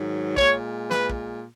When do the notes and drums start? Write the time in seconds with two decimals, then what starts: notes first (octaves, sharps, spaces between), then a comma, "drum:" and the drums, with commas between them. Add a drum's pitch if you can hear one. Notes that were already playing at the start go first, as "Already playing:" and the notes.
Already playing: G#2 D#3 F#3
0.37 A#2 G#3 C#5, drum: kick
0.91 B4, drum: snare
1.09 drum: kick